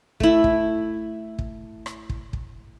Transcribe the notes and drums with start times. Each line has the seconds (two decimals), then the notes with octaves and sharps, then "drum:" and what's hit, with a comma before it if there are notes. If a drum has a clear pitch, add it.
0.20 A3 E4, drum: kick
0.44 drum: kick
1.39 drum: kick
1.86 drum: rim click
2.09 drum: kick
2.33 drum: kick